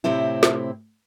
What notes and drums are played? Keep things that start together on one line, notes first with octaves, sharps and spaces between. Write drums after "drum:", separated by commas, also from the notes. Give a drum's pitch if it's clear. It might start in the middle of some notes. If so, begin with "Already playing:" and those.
A2 C3 C4 E4
drum: snare